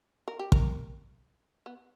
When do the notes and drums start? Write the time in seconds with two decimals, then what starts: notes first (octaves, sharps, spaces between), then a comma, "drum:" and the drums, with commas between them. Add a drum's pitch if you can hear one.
0.28 A#4
0.39 G4
0.52 A#4, drum: kick
1.66 B3